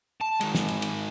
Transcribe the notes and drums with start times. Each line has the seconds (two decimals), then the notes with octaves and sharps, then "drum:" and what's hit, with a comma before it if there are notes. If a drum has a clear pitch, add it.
0.21 A5
0.41 D#3 G#3, drum: cymbal
0.55 drum: snare
0.68 drum: cymbal
0.82 drum: cymbal